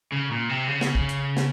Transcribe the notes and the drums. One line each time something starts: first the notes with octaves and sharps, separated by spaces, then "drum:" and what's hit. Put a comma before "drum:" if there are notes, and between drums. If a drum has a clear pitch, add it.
C#3
A#2
C3
C#3
drum: snare
drum: kick
drum: hi-hat
drum: snare